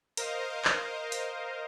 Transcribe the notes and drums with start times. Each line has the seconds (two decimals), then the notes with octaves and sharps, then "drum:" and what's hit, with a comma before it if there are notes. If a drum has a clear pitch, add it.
0.17 A#4 C5 D#5 F5, drum: hi-hat
0.65 drum: clap
1.12 drum: hi-hat